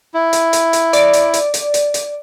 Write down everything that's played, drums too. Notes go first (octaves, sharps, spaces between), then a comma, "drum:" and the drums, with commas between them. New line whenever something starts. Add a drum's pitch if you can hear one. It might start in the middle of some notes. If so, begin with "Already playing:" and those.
E4
drum: hi-hat
drum: hi-hat
drum: hi-hat
D5, drum: hi-hat
drum: hi-hat
drum: hi-hat
drum: hi-hat
drum: hi-hat
drum: hi-hat